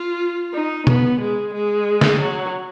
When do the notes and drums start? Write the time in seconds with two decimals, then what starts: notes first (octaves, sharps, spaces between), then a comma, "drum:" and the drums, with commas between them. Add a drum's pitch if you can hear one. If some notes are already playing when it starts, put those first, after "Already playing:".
Already playing: F4
0.54 D#4
0.87 B3, drum: tom B2
1.20 G#3
1.54 G#3
2.01 drum: snare
2.20 F#3